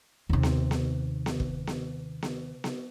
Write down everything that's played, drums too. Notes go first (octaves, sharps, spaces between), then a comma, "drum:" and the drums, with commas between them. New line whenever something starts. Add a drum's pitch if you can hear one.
D#2 C3
drum: snare B3
drum: snare B3
drum: snare B3
drum: kick
drum: snare B3
drum: snare B3
drum: snare B3